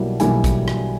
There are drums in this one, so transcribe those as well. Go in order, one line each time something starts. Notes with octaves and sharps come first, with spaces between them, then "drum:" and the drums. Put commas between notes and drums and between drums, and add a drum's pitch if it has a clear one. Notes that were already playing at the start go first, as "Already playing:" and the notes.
Already playing: B1 B2 G3 A#3 E4
B1 B2 G3 A#3 E4 G#5, drum: hi-hat
drum: kick A#1, hi-hat
drum: rim click